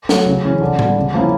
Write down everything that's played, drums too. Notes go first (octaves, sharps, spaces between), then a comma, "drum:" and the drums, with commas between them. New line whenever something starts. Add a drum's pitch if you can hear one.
F#3 A3, drum: snare
C#3
E3 G#3 C#4
D3
G3 B3, drum: tom A2
C#3
F3 A#3 C#4 E4